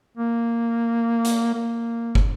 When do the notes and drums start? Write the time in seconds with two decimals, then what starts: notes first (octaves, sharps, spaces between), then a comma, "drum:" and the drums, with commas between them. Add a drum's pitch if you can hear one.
0.17 A#3
1.25 drum: hi-hat
1.55 A#3
2.15 drum: kick